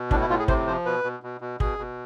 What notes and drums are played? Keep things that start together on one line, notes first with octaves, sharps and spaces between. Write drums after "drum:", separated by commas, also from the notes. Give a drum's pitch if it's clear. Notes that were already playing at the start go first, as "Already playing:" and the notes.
Already playing: B2
A2 D4, drum: kick
E4
A2 F4
G#4
C3 C5, drum: kick
F3 C5
B2 B4
B2
B2
B2
B2 G#4, drum: kick
B2